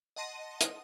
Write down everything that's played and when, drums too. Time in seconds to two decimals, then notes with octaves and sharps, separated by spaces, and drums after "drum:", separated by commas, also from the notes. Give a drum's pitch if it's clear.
0.16 D#5 F#5 A5 C6 A#6 D#7
0.61 D#6, drum: hi-hat